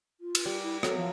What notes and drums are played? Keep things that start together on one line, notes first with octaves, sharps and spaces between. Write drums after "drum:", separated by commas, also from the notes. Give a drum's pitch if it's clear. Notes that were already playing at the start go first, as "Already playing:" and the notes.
F4
drum: cymbal
G3
E4
F#3 A4 E5, drum: rim click
F3